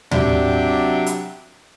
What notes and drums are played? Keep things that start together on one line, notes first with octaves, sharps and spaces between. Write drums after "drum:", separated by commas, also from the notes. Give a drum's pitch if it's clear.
C3 F#3 D4 G4 D5 E5, drum: tom
drum: hi-hat